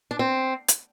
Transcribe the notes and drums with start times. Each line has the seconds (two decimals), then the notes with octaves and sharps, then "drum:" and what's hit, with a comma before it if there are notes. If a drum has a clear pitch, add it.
0.11 D4
0.19 C4
0.68 drum: hi-hat